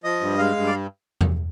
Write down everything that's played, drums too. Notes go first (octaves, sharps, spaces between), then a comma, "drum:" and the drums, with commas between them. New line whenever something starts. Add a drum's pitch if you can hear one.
F3 D#5
G2
G#3 F5
G2
D5
drum: tom E2